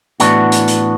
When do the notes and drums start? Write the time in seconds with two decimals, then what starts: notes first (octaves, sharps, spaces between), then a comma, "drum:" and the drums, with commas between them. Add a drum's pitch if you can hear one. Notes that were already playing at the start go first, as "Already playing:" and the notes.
0.20 A2 E3 B3 D4 F#4, drum: hi-hat
0.52 drum: hi-hat
0.67 drum: hi-hat